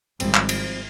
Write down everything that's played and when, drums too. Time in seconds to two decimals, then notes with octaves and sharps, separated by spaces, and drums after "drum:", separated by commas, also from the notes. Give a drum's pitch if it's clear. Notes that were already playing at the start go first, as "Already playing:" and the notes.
0.20 G#1 F3 G3 C4, drum: cymbal
0.34 drum: clap
0.49 drum: cymbal